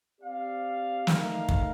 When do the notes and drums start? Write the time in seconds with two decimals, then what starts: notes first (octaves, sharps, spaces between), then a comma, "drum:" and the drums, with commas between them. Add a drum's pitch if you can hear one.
0.21 C4 G4 D5 F5
1.07 A3 D#4 A#4 F5, drum: snare
1.49 drum: kick